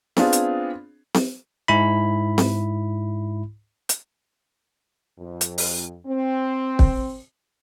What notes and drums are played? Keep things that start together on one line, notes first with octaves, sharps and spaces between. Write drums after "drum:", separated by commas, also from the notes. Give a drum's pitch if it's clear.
B3 C4 D4 F4 G#4, drum: snare C4
drum: hi-hat
drum: snare C4
G#2 E4 B5
drum: snare C4
drum: hi-hat
F2
drum: hi-hat
drum: open hi-hat
C4
drum: kick